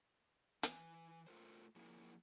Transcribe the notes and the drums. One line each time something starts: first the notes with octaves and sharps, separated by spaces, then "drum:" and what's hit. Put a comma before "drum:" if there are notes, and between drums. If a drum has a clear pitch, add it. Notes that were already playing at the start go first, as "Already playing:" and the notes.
E3 B4 G#5, drum: hi-hat
A3 F4 A#4 C5
F3 A#3 E4 G#4 A#4